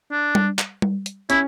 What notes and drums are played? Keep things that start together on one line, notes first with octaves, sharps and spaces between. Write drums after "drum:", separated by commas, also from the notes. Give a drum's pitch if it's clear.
D4
drum: tom G3
drum: clap
drum: tom G3
drum: hi-hat
C#4 E4, drum: hi-hat